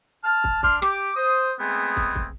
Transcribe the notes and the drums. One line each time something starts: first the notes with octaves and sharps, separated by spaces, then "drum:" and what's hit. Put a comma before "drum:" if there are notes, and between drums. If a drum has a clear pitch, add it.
A5 F6
drum: kick
D4 C6 F6, drum: kick
G4 D6, drum: rim click
C5 D#6
G#3 A3 B3 C4 G#4
drum: kick
drum: kick